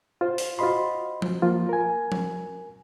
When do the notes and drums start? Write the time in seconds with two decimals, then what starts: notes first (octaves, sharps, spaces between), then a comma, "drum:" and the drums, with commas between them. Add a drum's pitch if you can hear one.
0.21 F4 C5
0.38 drum: open hi-hat
0.59 F4 F#4 C5 D#5 B5 C6
1.22 drum: tom F3
1.42 F3 A#3 F4
1.69 A#4 G#5
2.12 drum: tom F3